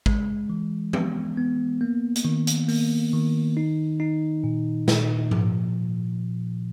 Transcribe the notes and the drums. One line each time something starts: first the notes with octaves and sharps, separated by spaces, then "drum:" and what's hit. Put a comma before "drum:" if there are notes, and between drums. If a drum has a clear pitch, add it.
G#3, drum: kick A1
E3
B3, drum: tom
B3
A#3
drum: hi-hat
D#3
drum: hi-hat
A#3, drum: open hi-hat
D#3
D#4
D#4
A#2
A#2, drum: snare
F3, drum: tom G#2